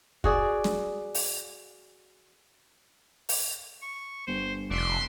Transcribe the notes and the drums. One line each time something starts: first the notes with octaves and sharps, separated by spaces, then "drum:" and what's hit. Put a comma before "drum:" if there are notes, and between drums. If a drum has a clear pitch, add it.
F#4 G#4 D5, drum: kick
drum: snare
drum: open hi-hat
drum: open hi-hat
C#6
G1 C5
F1 F#4 D5 E5 C6